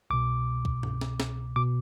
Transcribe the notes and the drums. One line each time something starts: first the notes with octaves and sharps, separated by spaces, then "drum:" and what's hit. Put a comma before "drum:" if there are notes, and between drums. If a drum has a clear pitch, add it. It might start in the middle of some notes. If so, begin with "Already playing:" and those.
C2 B2 D6
drum: kick C#2
drum: tom G2
drum: snare
drum: snare
B2 D6